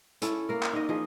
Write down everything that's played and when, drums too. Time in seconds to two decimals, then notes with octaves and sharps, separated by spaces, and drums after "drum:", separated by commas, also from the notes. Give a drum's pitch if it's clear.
0.22 C#4 E4 A4, drum: hi-hat
0.49 A#3 A#4
0.63 drum: clap
0.73 D#4 D#5
0.89 F3 G#4 D#5